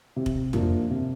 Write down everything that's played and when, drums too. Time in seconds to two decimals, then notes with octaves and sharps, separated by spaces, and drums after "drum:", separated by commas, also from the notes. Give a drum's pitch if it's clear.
0.16 C3
0.26 drum: kick
0.53 F3 A#3 D4, drum: tom
0.90 C3